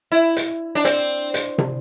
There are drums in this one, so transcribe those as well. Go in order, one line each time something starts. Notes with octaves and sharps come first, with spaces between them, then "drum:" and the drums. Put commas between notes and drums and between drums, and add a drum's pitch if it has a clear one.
E4
drum: hi-hat
D4
C4, drum: hi-hat
drum: hi-hat
drum: tom